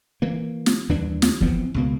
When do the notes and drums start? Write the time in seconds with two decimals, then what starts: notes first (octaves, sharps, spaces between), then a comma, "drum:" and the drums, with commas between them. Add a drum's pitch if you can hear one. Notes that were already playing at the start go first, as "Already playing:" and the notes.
0.22 E3 A#3
0.66 drum: snare
0.89 D#2 E3 G3 D4
1.22 drum: snare
1.41 E3 F3 B3 C4, drum: kick
1.74 C#2 B2 A#3